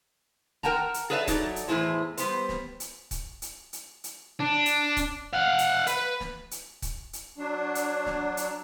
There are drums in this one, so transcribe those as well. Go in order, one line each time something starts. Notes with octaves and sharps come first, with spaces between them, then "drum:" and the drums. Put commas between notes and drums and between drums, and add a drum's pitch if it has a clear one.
A#4 F#5 G5 A5 A#5, drum: snare
drum: hi-hat
G#4 A4 B4 C#5 D5 E5
F#3 D#4 A4 D5, drum: kick C#1, hi-hat
drum: hi-hat
E2 A2 G#3 E4 G#4 C5
G3 B3 C5, drum: hi-hat
drum: snare
drum: hi-hat
drum: kick C#1, hi-hat
drum: hi-hat
drum: hi-hat
drum: hi-hat
D4
drum: hi-hat
drum: kick C#1, hi-hat
F5 F#5
drum: hi-hat
B4, drum: hi-hat
drum: snare
drum: hi-hat
drum: kick C#1, hi-hat
drum: hi-hat
F#3 D4
drum: hi-hat
drum: snare
drum: hi-hat